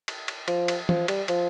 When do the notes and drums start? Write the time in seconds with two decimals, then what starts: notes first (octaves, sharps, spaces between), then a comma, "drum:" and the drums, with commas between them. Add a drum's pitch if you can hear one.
0.08 drum: cymbal
0.28 drum: cymbal
0.48 F3, drum: cymbal
0.68 drum: cymbal
0.89 F3, drum: tom
1.08 G3, drum: cymbal
1.28 F3, drum: cymbal